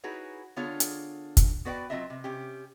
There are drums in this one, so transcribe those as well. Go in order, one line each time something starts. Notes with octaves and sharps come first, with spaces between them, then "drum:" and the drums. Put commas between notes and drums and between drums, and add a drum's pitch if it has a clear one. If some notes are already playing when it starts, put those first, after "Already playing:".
D#4 E4 F#4 G#4 B4 C#5
D3 B3 D4 F4 G#4 C#5
drum: hi-hat
drum: kick, hi-hat
B3 F#4 B4 D5 F#5 G5
F#3 C4 D#4 F4 D#5 E5
C3
C3 C#4 G4